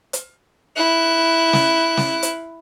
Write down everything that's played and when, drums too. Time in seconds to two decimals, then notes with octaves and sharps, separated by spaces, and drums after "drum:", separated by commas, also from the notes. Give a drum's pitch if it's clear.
0.13 drum: hi-hat
0.76 E4 F#6
1.53 drum: snare
1.97 drum: snare
2.23 drum: hi-hat